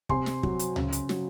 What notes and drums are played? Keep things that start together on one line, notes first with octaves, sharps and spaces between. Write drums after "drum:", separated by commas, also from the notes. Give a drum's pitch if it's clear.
C3 G#5 C6, drum: kick
drum: snare
F#3, drum: kick
drum: hi-hat
C#3, drum: tom C#2
drum: hi-hat
F#3, drum: snare